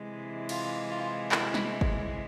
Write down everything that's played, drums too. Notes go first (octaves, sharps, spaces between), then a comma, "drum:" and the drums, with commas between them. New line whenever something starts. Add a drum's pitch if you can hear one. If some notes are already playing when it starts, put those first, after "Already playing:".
Already playing: C3 E3 G#3
F4, drum: cymbal
F4
E4, drum: clap
drum: snare
drum: kick G1